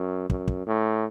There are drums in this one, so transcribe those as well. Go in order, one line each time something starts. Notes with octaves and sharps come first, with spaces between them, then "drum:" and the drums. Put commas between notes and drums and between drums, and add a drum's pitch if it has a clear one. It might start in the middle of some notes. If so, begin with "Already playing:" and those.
Already playing: F#2
F#2, drum: kick
drum: kick
A2